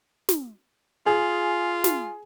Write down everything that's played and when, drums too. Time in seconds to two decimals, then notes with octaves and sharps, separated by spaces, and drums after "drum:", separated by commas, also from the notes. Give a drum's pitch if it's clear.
0.29 drum: snare
1.06 F4 G#4
1.84 drum: snare